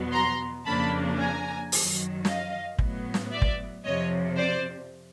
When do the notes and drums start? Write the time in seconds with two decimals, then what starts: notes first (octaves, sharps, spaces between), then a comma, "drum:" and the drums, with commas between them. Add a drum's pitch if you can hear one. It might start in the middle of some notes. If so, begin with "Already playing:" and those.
Already playing: E2 B2 F#3 B3
0.13 A#5 C6
0.66 F2 C#3 F3 A#3 D4 A5 B5
1.19 G#5 A#5
1.72 F#2 D#3 F#3, drum: open hi-hat
2.25 D#5 F5, drum: snare
2.79 A2 F#3 B3, drum: kick
3.14 drum: snare
3.32 D5 E5
3.42 drum: kick
3.85 F2 C3 F3 C#5 D#5
4.37 C5 D5